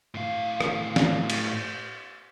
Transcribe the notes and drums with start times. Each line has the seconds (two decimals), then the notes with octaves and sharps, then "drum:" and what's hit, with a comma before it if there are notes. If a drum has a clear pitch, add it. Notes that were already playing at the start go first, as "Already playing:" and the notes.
0.15 A2 F5
0.61 drum: rim click
0.96 drum: snare
1.30 drum: cymbal